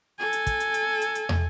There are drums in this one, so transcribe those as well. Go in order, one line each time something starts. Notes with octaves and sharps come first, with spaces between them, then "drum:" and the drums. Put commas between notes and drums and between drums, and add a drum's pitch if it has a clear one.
A4 G#5
drum: hi-hat
drum: kick, hi-hat
drum: hi-hat
drum: hi-hat
drum: hi-hat
drum: hi-hat
drum: tom